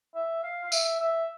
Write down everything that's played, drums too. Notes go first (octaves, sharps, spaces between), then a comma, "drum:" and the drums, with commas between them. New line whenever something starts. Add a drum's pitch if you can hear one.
E5
F5
F5
E5, drum: tambourine
E5